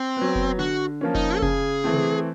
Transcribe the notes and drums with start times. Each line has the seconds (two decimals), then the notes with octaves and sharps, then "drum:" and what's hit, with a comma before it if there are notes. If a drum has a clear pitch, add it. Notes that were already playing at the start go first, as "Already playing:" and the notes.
Already playing: C4
0.17 F#3 B3
0.35 drum: kick F1
0.59 D3 F#4
1.01 F3 A#3 C#4
1.15 D#4, drum: kick F1
1.37 A4
1.42 C#3 G#4, drum: kick F1
1.84 E3 A3 C4
1.94 drum: tom C3